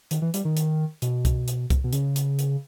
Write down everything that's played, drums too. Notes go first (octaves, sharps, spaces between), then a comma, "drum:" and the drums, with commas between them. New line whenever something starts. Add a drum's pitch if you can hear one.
D#3, drum: hi-hat
E3
G3, drum: hi-hat
D#3
drum: hi-hat
B2, drum: hi-hat
drum: kick C2, hi-hat
drum: hi-hat
drum: kick C2, hi-hat
B2
C#3, drum: hi-hat
drum: hi-hat
drum: hi-hat